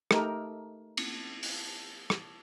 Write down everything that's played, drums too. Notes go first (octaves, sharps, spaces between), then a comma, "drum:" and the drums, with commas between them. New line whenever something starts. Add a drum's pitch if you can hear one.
A3 D#4 G4 A4 A#4, drum: rim click
drum: cymbal
drum: open hi-hat
drum: rim click